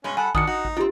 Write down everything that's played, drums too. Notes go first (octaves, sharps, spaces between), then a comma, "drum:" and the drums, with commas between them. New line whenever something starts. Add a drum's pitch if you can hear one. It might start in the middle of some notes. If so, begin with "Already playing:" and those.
G2 B2 G#3 C#4
G3 A4 F#5 G#5 B5
D#3 D4 F#4 D#6 C#7, drum: kick A1
D#4 F#4
drum: kick A1
C4 D4 F4 G4